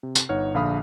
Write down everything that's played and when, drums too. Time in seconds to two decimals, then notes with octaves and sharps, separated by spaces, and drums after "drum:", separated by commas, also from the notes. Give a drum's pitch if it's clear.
0.03 C3
0.15 drum: tambourine
0.29 G1 D#4 C#5 F#5 F6
0.54 A#1 D3 F5 B5 D#6 F6